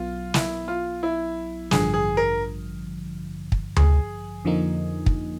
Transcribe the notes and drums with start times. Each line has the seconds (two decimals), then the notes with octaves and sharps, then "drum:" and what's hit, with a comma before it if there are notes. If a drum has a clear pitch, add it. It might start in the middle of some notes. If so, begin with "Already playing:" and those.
Already playing: B1 F#3 B3 F4
0.34 E4, drum: snare
0.68 F4
1.03 E4
1.71 A1 G2 D3 F3 G#4, drum: snare
1.94 G#4
2.17 A#4
3.52 drum: kick
3.76 G#4, drum: tom D2
4.45 F2 D3 F3 A#3 D#4
5.06 drum: kick